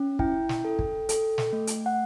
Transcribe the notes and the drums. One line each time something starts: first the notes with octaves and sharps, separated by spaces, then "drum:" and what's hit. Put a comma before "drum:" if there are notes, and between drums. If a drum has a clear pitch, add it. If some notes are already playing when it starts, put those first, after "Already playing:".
Already playing: C#4
E4 G5, drum: kick
drum: snare
A4
drum: kick
A4, drum: hi-hat
drum: snare
A3
drum: hi-hat
F#5